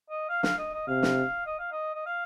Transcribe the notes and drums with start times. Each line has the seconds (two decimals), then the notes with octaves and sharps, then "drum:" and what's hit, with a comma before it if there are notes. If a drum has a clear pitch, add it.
0.10 D#5
0.29 F5
0.43 F5, drum: snare
0.58 D#5
0.74 D#5
0.88 C3 F5
1.03 drum: snare
1.47 D#5
1.59 F5
1.72 D#5
1.95 D#5
2.06 F5